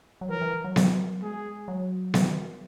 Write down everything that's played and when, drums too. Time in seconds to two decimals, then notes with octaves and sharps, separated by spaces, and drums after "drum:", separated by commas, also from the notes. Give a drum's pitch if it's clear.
0.21 F#3
0.30 E3 A#4
0.41 E3
0.64 F#3
0.76 drum: snare B3
1.22 G#3 G#4
1.68 F#3
2.14 D#3, drum: snare B3